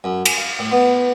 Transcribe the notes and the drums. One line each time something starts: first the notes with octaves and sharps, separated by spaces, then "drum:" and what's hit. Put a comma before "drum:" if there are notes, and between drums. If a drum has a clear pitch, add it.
F#2
G#5, drum: cymbal
F5
A2
B3